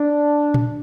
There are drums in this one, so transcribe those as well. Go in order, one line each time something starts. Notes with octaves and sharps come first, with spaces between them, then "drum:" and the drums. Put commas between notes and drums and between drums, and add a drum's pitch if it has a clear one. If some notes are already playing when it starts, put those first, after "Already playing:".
Already playing: D4
drum: tom A#2